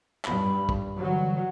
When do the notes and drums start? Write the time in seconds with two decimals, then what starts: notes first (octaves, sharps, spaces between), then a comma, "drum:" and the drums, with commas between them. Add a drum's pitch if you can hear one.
0.25 G2 B5, drum: clap
0.69 drum: kick
0.99 D3 E3 F#3 G3